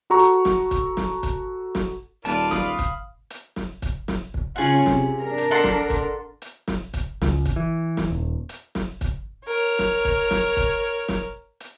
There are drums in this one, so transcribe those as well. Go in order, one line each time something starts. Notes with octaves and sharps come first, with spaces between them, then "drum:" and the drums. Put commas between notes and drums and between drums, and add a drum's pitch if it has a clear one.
F#4 A4 A#5 C#6
drum: hi-hat
drum: snare
drum: kick, hi-hat
drum: snare
drum: kick, hi-hat
drum: snare
D#1 F4 B4 D5 A5, drum: hi-hat
F5 B5 D#6, drum: snare
drum: kick, hi-hat
drum: hi-hat
drum: snare
drum: kick, hi-hat
drum: snare
drum: kick
C#3 C#4 F4 G#4 F#5
C3, drum: snare
D4 A#4
drum: hi-hat
A4 F#5 C6
drum: snare
drum: kick, hi-hat
drum: hi-hat
drum: snare
drum: kick, hi-hat
C#2, drum: snare
drum: kick, hi-hat
E3
drum: snare
D#1
drum: hi-hat
drum: snare
drum: kick, hi-hat
A#4 C#5
drum: snare
drum: kick, hi-hat
drum: snare
drum: kick, hi-hat
drum: snare
drum: hi-hat